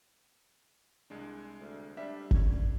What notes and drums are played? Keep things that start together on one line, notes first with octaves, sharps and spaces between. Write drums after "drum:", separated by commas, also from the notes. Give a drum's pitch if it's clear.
C2 G#3 D4
D2
G3 D4 E5
C#4 C#5, drum: kick G1